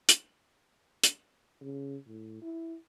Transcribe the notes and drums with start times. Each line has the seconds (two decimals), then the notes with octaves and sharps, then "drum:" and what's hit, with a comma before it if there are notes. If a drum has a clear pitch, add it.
0.09 drum: hi-hat
1.04 drum: hi-hat
1.61 C#3
2.07 A2
2.42 E4